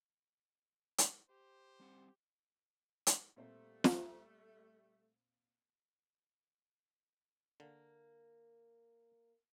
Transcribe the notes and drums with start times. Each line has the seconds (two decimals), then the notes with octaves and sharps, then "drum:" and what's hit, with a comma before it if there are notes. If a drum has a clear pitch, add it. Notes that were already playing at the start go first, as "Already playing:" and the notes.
0.98 drum: hi-hat
1.30 G4 C5
1.80 G3 C4 F#5
3.07 drum: hi-hat
3.36 A#2 G3 A3 C4 C5
3.84 drum: snare
7.60 D3 A#3